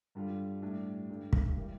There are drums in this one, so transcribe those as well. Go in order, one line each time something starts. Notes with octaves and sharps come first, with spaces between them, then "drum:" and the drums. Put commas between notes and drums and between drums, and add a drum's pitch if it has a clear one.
G2 D3 G3 D4 F4
A2 G3 D4
G2 D3 G3
drum: kick
E3 G3 A#3